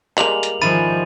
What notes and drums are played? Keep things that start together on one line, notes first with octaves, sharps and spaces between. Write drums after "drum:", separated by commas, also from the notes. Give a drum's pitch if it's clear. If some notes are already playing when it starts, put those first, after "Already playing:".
G3 G#3 A#3 F7 F#7, drum: clap
drum: hi-hat
G#2 D#3 F3 E4 B5 A6 D#7